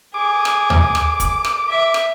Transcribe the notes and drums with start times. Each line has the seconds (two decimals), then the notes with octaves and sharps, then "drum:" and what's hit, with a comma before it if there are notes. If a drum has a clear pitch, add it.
0.14 G#4 D6
0.45 drum: rim click
0.70 drum: tom D#2
0.95 drum: rim click
1.20 drum: kick, hi-hat
1.45 drum: rim click
1.69 E5
1.94 drum: rim click